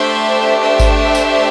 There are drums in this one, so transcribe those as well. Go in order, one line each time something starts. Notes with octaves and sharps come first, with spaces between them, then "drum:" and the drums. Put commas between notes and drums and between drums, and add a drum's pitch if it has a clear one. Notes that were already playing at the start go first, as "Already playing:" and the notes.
Already playing: A3 D4 G4 C5 E5
C5 E5
drum: kick G#1, tambourine
drum: tambourine